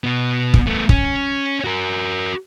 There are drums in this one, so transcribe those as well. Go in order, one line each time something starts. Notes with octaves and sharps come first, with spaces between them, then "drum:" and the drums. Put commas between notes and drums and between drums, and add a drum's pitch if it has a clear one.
B2 B3
drum: kick
A3 B3
C#4, drum: kick
F#4 A#4